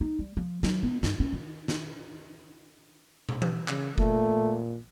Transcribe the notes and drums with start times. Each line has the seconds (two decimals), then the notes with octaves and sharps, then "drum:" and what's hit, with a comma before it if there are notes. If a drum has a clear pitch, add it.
0.01 D#4
0.19 G3
0.37 F3
0.63 F#3, drum: snare
0.83 B3
1.03 G2, drum: snare
1.20 C#4
1.33 D#3
1.68 drum: snare
3.29 drum: tom
3.42 drum: tom E3
3.68 C#3, drum: clap
3.98 A#2 A3, drum: kick F1